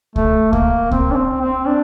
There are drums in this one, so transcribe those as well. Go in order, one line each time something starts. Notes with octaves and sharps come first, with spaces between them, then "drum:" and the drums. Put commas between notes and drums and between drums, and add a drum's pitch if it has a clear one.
A3, drum: kick C#2
A#3, drum: kick C#2
C4, drum: kick C#2
D4
C4
C4
D4